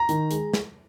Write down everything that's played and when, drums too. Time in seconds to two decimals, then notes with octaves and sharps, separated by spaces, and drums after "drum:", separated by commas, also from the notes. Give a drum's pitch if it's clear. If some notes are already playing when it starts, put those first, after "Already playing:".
Already playing: A#5
0.09 D#3, drum: hi-hat
0.31 G#3, drum: hi-hat
0.53 drum: snare